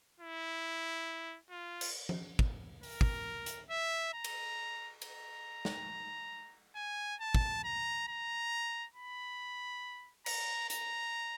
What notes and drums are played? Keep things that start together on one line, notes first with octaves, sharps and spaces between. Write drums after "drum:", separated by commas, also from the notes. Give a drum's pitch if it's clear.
E4
F4
drum: cymbal
drum: tom F3
drum: kick
A#4, drum: open hi-hat
drum: kick
drum: hi-hat
E5
A#5
drum: cymbal
A#5, drum: cymbal
drum: snare
G#5
A5
drum: kick
A#5
A#5
B5
A#5, drum: cymbal
A#5, drum: hi-hat